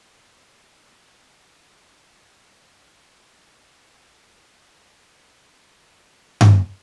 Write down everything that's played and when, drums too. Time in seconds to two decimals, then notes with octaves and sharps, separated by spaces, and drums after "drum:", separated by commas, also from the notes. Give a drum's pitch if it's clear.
0.18 C#2 D#3 F3
0.55 C3 A#5 F6
1.33 D#3 D4 A#4 A#5 A#6
3.54 D#7
3.76 G#6
4.09 D6
4.33 F7
4.46 F#6
5.92 F#4 G#4
6.41 drum: tom G2